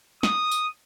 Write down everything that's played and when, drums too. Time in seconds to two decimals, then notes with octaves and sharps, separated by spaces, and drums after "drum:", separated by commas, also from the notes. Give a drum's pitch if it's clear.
0.23 D#6, drum: snare
0.52 drum: tambourine